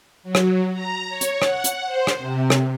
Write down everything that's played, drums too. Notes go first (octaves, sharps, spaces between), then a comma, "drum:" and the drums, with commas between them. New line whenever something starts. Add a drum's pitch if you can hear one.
F#3
drum: rim click
A#5
C#5
drum: hi-hat
F#5, drum: rim click
drum: hi-hat
C5
drum: rim click
C3
drum: rim click